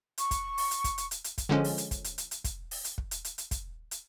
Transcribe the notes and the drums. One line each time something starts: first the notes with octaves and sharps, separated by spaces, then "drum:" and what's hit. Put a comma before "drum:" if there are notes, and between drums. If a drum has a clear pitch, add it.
C#6, drum: hi-hat
drum: kick, hi-hat
drum: open hi-hat
drum: hi-hat
drum: kick, hi-hat
drum: hi-hat
drum: hi-hat
drum: hi-hat
drum: kick, hi-hat
D3 F3 G#3 C#4
drum: open hi-hat
drum: hi-hat
drum: kick, hi-hat
drum: hi-hat
drum: hi-hat
drum: hi-hat
drum: kick, hi-hat
drum: open hi-hat
drum: hi-hat
drum: kick
drum: hi-hat
drum: hi-hat
drum: hi-hat
drum: kick, hi-hat
drum: hi-hat